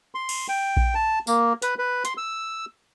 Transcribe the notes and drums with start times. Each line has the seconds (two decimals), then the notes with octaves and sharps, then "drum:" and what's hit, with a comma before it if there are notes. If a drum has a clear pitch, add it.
0.15 C6
0.29 drum: cymbal
0.49 G5
0.77 drum: kick A#1
0.95 A5
1.27 A#3, drum: tambourine
1.62 B4, drum: hi-hat
1.79 B4
2.05 C6, drum: hi-hat
2.17 E6